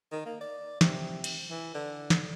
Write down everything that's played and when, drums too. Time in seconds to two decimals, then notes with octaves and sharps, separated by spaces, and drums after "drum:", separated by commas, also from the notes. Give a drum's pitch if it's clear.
0.12 D#3
0.25 A#3
0.41 D5
0.81 C3, drum: snare
1.24 drum: cymbal
1.50 E3
1.74 D3
2.10 drum: snare